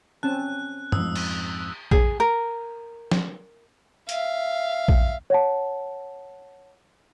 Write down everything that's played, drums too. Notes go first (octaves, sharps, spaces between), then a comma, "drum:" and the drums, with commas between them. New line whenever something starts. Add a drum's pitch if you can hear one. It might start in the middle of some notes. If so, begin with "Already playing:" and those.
C4 C#4 A5 F#6
F2 G#2 F3 D#6 E6, drum: tom
drum: cymbal
G#4, drum: kick A#1
A#4
drum: snare
E5 F5, drum: hi-hat
drum: kick A#1
C#5 F#5 A5